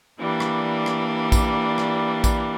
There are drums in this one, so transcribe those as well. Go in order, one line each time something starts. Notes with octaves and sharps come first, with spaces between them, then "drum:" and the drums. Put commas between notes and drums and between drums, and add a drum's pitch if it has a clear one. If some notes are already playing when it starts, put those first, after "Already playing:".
E3 G3 A#3 D4
drum: rim click
drum: rim click
drum: kick, tambourine
drum: rim click
drum: kick, tambourine